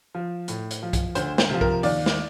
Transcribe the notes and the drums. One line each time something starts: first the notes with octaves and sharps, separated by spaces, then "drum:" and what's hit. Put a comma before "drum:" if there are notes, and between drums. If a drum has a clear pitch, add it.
F3
A2, drum: hi-hat
drum: hi-hat
F3
drum: kick, hi-hat
D2 C5, drum: hi-hat
C5, drum: snare
C3 F3
A#4, drum: kick
D#2 D5, drum: open hi-hat
drum: snare